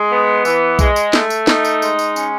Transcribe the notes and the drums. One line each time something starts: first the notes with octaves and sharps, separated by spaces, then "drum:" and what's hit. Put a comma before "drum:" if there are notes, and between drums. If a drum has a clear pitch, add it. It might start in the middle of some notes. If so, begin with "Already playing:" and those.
Already playing: G#3
B3
E3, drum: tambourine
G#3, drum: kick B1, tambourine
drum: tambourine
A3, drum: snare
drum: tambourine
D#4, drum: snare
drum: tambourine
G#3, drum: tambourine
drum: tambourine
C#4, drum: tambourine